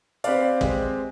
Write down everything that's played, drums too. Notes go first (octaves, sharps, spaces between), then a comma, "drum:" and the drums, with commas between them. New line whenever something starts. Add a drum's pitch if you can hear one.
C4 G4 B4 D5 F5, drum: hi-hat
G#3 C4 G4, drum: kick